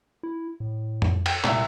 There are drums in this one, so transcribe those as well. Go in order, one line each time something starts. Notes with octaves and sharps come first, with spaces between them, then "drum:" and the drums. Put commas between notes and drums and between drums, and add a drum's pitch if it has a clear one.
E4
A2
drum: tom F2
G5, drum: cymbal
C2 A#2 E4, drum: clap